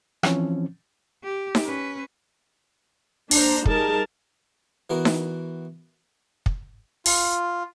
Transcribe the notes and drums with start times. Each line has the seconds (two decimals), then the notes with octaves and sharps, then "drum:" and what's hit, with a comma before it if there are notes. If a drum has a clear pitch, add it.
0.23 E3 F3 C4 C#4, drum: rim click
1.24 G4
1.55 drum: snare D#4
1.66 C#4 B4
3.31 A#3 D4 C5 A#5, drum: open hi-hat
3.65 G3 D#4 G#4 A#4 A5, drum: kick
4.90 E3 B3 F#4 A#4
5.05 drum: snare D#4
6.46 drum: kick
7.06 F4, drum: open hi-hat